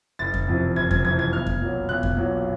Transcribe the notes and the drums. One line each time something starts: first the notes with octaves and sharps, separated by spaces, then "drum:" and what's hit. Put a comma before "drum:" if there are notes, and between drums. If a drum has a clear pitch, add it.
F#1 A6
drum: kick F2
F2 C3 E3
F#1 G#6
G#6, drum: kick F2
F2 C3 E3 G#6
G#6
B1 F6
drum: kick F2
A#2 F#3
B1 F#6
drum: kick F2
A#2 F#3